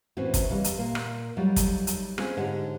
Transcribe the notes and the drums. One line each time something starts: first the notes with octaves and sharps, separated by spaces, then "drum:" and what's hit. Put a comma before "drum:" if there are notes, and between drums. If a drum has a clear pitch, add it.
A2 E3 C4 C#4 F#4
drum: kick, hi-hat
C#3 E3 G3 D#5
drum: hi-hat
A#2 A#3
drum: rim click
F#3 G3 A3 D#4 F4
drum: kick, hi-hat
drum: hi-hat
G#3 C4 C#4 F4 G#4, drum: rim click
G#2 D3 D4 G4 C#5 F#5